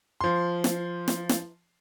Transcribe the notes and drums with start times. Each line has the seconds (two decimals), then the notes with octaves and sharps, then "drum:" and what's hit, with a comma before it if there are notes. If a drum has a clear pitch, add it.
0.21 F3 C6
0.64 drum: snare
1.08 drum: snare
1.29 drum: snare